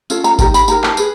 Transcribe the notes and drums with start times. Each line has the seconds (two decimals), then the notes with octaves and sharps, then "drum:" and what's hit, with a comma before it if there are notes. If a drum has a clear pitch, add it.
0.10 C#4 F4 A4, drum: tambourine
0.24 A#5, drum: tambourine
0.39 D#4 G4 A#4 A#5, drum: kick G#1, tambourine
0.54 B5, drum: tambourine
0.68 D#4 G4 A#4 A#5, drum: tambourine
0.84 A5, drum: clap
0.97 G#4 B4, drum: tambourine